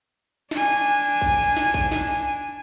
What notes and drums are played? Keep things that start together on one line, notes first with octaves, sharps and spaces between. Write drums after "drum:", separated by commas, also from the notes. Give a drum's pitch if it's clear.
D4 G#5, drum: snare
drum: kick A#1
drum: snare
drum: kick A#1
drum: snare